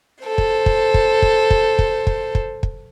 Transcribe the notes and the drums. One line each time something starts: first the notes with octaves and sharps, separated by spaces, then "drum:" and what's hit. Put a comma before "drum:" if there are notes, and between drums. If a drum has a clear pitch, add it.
A4 C5
drum: kick
drum: kick
drum: kick
drum: kick
drum: kick
drum: kick
drum: kick
drum: kick
drum: kick